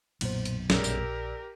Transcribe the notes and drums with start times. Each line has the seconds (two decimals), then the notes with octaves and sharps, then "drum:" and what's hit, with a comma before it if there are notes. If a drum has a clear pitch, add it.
0.21 B1 F#2 A#2 C5, drum: cymbal
0.45 drum: hi-hat
0.70 A#1 G4 A#4 D5 E6, drum: snare
0.84 drum: tambourine